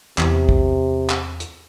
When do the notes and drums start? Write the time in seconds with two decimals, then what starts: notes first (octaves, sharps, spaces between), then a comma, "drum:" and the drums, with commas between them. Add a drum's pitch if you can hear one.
0.18 E2 C3, drum: clap
0.49 drum: kick
1.10 drum: clap
1.40 drum: hi-hat